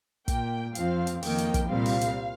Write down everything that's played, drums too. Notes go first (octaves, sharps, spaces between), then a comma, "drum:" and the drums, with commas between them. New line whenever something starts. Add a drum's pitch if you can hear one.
A#2 A#3 G5, drum: kick, hi-hat
F2 F3 C4 F5, drum: hi-hat
drum: hi-hat
F2 D#3 A#3 G5, drum: open hi-hat
drum: hi-hat
drum: kick, hi-hat
C2 A#2 G3 C4 F5
drum: open hi-hat
drum: hi-hat